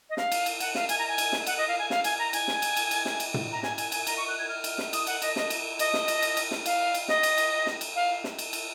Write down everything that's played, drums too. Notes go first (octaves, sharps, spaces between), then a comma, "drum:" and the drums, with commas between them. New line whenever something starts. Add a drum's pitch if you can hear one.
D#5
F5, drum: snare
drum: cymbal
drum: cymbal
F#5, drum: cymbal
F5, drum: snare
G#5, drum: cymbal
A#5
G#5
drum: cymbal
drum: snare
F#5, drum: cymbal
D#5
F5
G#5
F5, drum: snare
G#5, drum: cymbal
A#5
G#5, drum: cymbal
drum: snare
drum: cymbal
drum: cymbal
drum: cymbal
drum: snare
drum: cymbal
drum: tom
A#5
G#5, drum: snare
G#5, drum: cymbal
G#5, drum: cymbal
A#5, drum: cymbal
C#6
F#6
G#6
F6
drum: cymbal
drum: snare
D#6, drum: cymbal
F#5, drum: cymbal
D#5, drum: cymbal
D#5, drum: snare
drum: cymbal
D#5, drum: cymbal
drum: snare
drum: cymbal
drum: cymbal
drum: cymbal
drum: snare
F5, drum: cymbal
drum: cymbal
D#5, drum: snare
drum: cymbal
drum: cymbal
drum: snare
drum: cymbal
F5
drum: snare
drum: cymbal
drum: cymbal